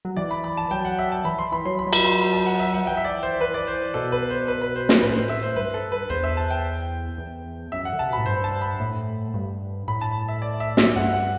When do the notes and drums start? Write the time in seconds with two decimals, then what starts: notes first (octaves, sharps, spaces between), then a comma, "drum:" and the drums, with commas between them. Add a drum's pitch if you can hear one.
0.05 F#3
0.17 E3 D5
0.31 B5
0.44 B5
0.57 A5
0.71 F#3 G5
0.85 F#5
0.99 E5
1.12 A5
1.25 E3 B5
1.39 C6
1.52 E3 B5
1.65 F#3 C6
1.79 B5
1.87 F#3
1.93 B5, drum: cymbal
2.06 C6
2.19 B5
2.32 A5
2.46 F#5
2.60 E5
2.74 F#5
2.87 E3 G5
2.97 E5
3.05 D5
3.23 C5
3.40 E3 B4
3.54 D5
3.67 C5
3.94 B2 A4
4.12 B4
4.30 C5
4.48 B4
4.61 B4
4.76 C5
4.89 B4, drum: snare
5.02 A2 B4
5.15 C5
5.29 E5
5.43 C5
5.56 G2 B4
5.74 A4
5.92 B4
6.10 E2 C5
6.24 E5
6.37 A5
6.51 G5
7.18 E2
7.72 F#2 E5
7.85 F#5
7.93 D3
7.99 C3 A5
8.09 B2
8.13 A2 B5
8.26 G2 C5
8.44 A5
8.62 B5
8.80 A2
9.34 G2
9.88 A2 B5
10.01 A5
10.28 E5
10.42 D5
10.60 E5
10.77 E5, drum: snare
10.96 G2 F#5
11.14 F#5